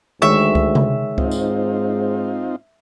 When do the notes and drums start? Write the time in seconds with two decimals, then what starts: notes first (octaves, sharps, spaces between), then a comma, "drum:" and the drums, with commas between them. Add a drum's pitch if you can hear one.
0.22 D2 D#3 G#3 C#5 E5 C#6
0.55 drum: kick C#2
0.75 drum: tom C3
1.18 G#2 C4 D#4 F4, drum: kick C#2
1.31 drum: tambourine